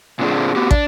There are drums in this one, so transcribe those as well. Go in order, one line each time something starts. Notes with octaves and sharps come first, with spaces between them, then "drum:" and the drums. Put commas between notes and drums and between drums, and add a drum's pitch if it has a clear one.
A#2 D3 C4 D4 F4 G#4
B3 F#4 G4
D4, drum: kick